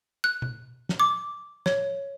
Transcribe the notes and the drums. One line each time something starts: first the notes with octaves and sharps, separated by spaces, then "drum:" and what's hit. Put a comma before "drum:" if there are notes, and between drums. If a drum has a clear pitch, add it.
F#6
drum: tom B2
drum: snare
D6
C#5, drum: snare